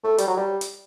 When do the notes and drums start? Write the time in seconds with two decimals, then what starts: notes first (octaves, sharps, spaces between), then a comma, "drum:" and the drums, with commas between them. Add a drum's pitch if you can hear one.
0.04 A3
0.18 G3, drum: hi-hat
0.28 F#3
0.37 G3
0.61 drum: hi-hat